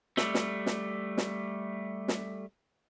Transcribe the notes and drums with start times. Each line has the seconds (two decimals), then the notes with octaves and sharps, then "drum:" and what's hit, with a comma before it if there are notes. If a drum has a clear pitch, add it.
0.17 G3 A3, drum: snare
0.34 drum: snare
0.66 drum: snare
1.18 drum: snare
2.08 drum: snare